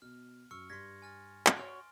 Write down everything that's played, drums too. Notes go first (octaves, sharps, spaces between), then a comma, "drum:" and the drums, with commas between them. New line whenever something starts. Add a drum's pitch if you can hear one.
B2 F6
F#2 C#6 E6 F6 C#7
G2 C6 G#6 A#6 B6
G#5 F6 A6
drum: clap
F#4 C#5 C6 F6 D7